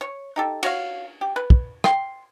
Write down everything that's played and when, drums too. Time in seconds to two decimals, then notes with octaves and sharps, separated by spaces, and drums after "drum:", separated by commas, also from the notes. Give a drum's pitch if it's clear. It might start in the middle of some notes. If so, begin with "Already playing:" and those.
0.01 C#5
0.36 D#4 G4 A4
0.63 F#4 C#5 F5, drum: cymbal
1.21 G4
1.36 B4
1.50 drum: kick
1.84 G5 C6, drum: rim click